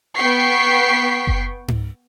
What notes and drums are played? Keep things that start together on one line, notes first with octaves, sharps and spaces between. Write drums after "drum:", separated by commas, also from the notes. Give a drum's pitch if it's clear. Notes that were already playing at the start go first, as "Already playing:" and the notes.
B3 G5 C#6 B6 C7
drum: kick F#1
drum: tom G#2